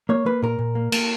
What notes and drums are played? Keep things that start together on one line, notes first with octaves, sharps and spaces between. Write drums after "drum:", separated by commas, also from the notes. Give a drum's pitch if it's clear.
A#3 C#5
A#3 B4
A#2 A#4
A#2
A#3
A#3, drum: cymbal